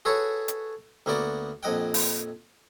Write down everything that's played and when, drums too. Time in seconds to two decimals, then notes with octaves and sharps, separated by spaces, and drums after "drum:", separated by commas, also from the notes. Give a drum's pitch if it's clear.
0.05 F#4 G#4 A4 B4 C#5 C#6
0.48 drum: hi-hat
1.06 D2 A#3 B3 F#4 D5
1.63 A#1 F2 D#5 F#5 G5
1.94 drum: open hi-hat